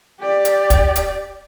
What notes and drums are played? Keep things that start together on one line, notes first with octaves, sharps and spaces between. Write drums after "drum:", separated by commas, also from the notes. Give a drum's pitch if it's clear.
G4 D5
drum: hi-hat
drum: kick, hi-hat
drum: hi-hat